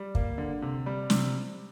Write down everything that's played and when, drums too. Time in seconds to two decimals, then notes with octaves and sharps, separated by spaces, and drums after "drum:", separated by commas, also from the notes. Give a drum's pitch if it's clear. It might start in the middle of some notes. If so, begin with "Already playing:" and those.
Already playing: G3
0.15 A#3, drum: kick
0.38 D3
0.62 C3
0.86 G3
1.10 C3, drum: snare